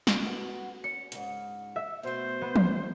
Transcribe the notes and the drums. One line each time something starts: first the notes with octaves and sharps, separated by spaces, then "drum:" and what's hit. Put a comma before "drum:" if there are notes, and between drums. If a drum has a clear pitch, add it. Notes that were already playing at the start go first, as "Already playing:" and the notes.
drum: snare
B3 F#4 A4
C#4 C#7
G#2 C#3, drum: hi-hat
E5
B2 A3 C5
B3
drum: tom